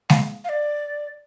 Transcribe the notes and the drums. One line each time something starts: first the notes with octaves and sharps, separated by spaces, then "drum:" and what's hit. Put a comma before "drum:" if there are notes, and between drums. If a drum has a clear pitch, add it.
F5, drum: snare G#3
F5
D5